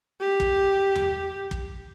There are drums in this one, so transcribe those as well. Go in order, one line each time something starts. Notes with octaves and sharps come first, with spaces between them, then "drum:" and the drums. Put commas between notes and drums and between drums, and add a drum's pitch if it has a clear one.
G4
drum: kick
drum: tom E2
drum: kick